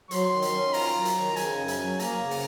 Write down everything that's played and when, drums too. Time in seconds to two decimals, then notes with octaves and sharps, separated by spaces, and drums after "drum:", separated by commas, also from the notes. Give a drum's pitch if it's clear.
0.11 F#3 C6, drum: hi-hat
0.32 D#3
0.42 drum: hi-hat
0.53 C#4
0.74 F4 A#5, drum: open hi-hat
0.94 F#3
1.05 drum: hi-hat
1.16 D#3
1.36 C#3 G#5, drum: hi-hat
1.57 F#2
1.68 drum: hi-hat
1.79 F#3
1.99 A#3 A#5, drum: hi-hat
2.20 C#3
2.31 drum: open hi-hat